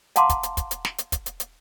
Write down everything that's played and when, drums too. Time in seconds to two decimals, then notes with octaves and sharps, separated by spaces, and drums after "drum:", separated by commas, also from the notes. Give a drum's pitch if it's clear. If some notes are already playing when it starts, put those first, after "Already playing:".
0.16 F5 F#5 A5 A#5 C6 D6, drum: hi-hat
0.29 drum: kick, hi-hat
0.43 drum: hi-hat
0.57 drum: kick, hi-hat
0.71 drum: hi-hat
0.85 drum: snare
0.98 drum: hi-hat
1.12 drum: kick, hi-hat
1.26 drum: hi-hat
1.40 drum: hi-hat